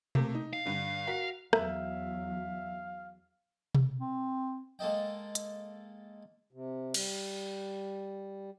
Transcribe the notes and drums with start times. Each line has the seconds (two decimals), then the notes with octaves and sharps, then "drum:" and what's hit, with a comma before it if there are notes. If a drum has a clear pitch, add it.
0.15 C3 A3 A#3, drum: tom B2
0.35 D#4
0.53 F5
0.65 G2 D3
1.07 F#4 A#4 B6
1.53 E2 F#3 E5 F5, drum: rim click
3.75 drum: tom B2
3.99 C4
4.79 G#3 A#3 A4 D#5 G5
5.35 drum: hi-hat
6.53 C3
6.94 G3, drum: cymbal